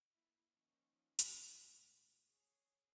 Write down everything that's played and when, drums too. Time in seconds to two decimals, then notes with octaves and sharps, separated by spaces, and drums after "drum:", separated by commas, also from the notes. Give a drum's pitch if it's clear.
0.10 A#3 E4
0.54 D#3 F3 A#3 C#4 D#4
1.19 drum: hi-hat
1.33 D2 G#2 B2 E3 G4
2.25 G#4 C#5